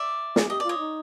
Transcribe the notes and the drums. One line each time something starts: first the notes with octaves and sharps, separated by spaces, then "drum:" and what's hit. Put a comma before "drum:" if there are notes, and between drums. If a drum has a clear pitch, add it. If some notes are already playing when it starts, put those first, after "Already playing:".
Already playing: D5 E5
G#4, drum: snare
G4 D#5
F4 D5
C#5 D#5
D#4